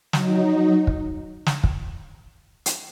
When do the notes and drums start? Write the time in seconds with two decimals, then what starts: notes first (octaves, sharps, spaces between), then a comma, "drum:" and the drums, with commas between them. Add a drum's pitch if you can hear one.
0.13 F#3 D#4, drum: snare
0.87 drum: kick
1.46 drum: snare
1.64 drum: kick
2.66 drum: hi-hat